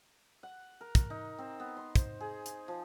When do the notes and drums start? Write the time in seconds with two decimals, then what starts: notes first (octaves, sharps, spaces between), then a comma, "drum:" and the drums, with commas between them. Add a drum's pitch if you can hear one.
0.43 F#5
0.81 A#4
0.95 drum: kick, hi-hat
1.10 D#4
1.38 C4
1.60 B3
1.77 C6
1.96 C5, drum: kick, hi-hat
2.20 G#4
2.46 drum: hi-hat
2.68 F3